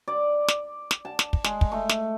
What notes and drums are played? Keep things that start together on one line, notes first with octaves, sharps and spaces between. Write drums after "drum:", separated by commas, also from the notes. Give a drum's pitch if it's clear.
D5
drum: snare
drum: snare
A5
drum: snare
drum: kick
G#3, drum: snare
drum: kick
A3
drum: snare